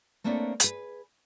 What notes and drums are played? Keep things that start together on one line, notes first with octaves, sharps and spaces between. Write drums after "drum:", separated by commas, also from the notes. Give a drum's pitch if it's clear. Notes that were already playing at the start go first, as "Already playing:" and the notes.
A3 A#3 C4 D4 B4 C#5
G#4 B4, drum: hi-hat